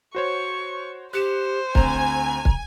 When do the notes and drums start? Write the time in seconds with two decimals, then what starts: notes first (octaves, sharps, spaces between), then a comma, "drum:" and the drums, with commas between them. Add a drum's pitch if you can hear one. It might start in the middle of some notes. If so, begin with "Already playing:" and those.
0.15 F#4 C5 C#5 C#6
1.13 G4 C5 F#6 C#7 E7
1.75 D2 C4 G#5 A#5, drum: kick
2.45 drum: kick